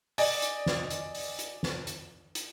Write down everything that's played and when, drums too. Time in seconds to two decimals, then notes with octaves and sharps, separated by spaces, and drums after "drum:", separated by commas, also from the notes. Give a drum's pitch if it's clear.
0.18 D5 D#5 G#5, drum: open hi-hat
0.42 drum: hi-hat
0.66 drum: snare
0.90 drum: hi-hat
1.15 drum: open hi-hat
1.39 drum: hi-hat
1.63 drum: snare
1.87 drum: hi-hat
2.35 drum: hi-hat